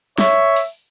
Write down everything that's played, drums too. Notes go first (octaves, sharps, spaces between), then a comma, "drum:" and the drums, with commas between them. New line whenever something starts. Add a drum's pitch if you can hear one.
C#5 E5, drum: snare
drum: open hi-hat